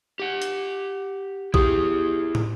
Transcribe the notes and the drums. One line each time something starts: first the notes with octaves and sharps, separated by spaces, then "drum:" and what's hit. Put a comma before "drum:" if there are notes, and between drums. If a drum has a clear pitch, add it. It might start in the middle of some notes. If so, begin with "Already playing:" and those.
G4 F#5
drum: hi-hat
E4 G4 G#4 D#6, drum: kick A#1
drum: tom